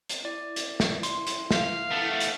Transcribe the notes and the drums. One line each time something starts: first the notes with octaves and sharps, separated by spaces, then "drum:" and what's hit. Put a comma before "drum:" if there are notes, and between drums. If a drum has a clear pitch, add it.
drum: hi-hat
E4 D5
drum: hi-hat
drum: snare
C6, drum: hi-hat
drum: hi-hat
F5, drum: snare
A3 B3
drum: hi-hat